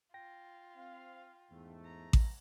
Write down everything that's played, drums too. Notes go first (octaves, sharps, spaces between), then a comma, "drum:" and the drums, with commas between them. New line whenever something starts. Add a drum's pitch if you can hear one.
F4 G5 A#6
C4 F5
E2 G#2 A3
A#5
drum: kick A1